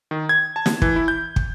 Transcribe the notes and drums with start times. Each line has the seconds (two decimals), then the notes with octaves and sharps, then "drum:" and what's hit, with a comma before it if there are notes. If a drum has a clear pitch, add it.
0.11 D#3
0.29 G#6
0.56 A5
0.66 drum: snare
0.82 E3, drum: kick
0.96 E4
1.08 G6
1.36 drum: kick